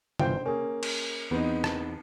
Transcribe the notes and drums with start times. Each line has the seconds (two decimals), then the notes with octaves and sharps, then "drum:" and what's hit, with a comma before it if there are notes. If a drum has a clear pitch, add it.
0.19 G1 E3 F4 C5 G5, drum: tom
0.46 A#3 C#4 G#4
0.83 drum: cymbal
1.31 E2 B3 C4 D#4
1.64 drum: rim click